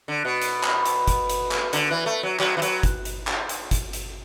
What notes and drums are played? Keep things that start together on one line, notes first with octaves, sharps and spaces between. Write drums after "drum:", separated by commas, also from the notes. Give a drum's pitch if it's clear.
D3
B2
drum: hi-hat
drum: clap
drum: hi-hat
drum: kick, hi-hat
drum: hi-hat
drum: clap
D3, drum: hi-hat
E3
A3
F#3
F#3, drum: clap
E3
F#3, drum: hi-hat
drum: kick, hi-hat
drum: hi-hat
drum: clap
drum: hi-hat
drum: kick, hi-hat
drum: hi-hat